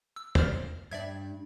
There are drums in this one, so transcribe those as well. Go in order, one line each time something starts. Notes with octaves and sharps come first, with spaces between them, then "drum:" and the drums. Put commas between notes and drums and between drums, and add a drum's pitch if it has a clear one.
E6
C5 D5 F6, drum: tom
G2 D4 D5 E5 G#6